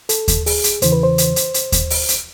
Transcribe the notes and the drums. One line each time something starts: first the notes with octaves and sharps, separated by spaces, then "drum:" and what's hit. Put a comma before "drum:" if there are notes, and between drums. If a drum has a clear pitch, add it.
A4, drum: hi-hat
drum: kick D#2, hi-hat
G#4, drum: open hi-hat
drum: hi-hat
E2 C#3 E3 C5, drum: hi-hat
B4
C5
drum: hi-hat
drum: hi-hat
drum: hi-hat
drum: kick D#2, hi-hat
drum: open hi-hat
drum: hi-hat